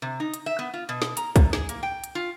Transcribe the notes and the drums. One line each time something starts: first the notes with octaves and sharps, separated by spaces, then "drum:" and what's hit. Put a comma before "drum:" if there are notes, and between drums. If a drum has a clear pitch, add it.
C3
D#4
drum: hi-hat
E5
B3
F4
B2
drum: snare
A#5, drum: hi-hat
C3, drum: kick, hi-hat
G#4, drum: snare
A#3, drum: hi-hat
G5
drum: hi-hat
F4